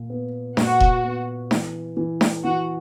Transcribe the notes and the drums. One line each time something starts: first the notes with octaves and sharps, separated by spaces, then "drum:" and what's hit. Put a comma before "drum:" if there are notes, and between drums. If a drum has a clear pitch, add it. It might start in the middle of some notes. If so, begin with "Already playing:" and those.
Already playing: A#2
B3
A#2 F#4, drum: snare D4
drum: kick E1
B3
E3, drum: snare D4
E3
drum: snare D4
E3 F#4